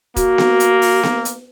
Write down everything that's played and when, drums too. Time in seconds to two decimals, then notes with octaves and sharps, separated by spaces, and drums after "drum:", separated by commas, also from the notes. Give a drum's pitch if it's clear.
0.16 A#3 F#4, drum: kick E1, hi-hat
0.38 drum: snare B3
0.60 drum: hi-hat
0.82 drum: open hi-hat
1.03 drum: snare B3
1.25 drum: hi-hat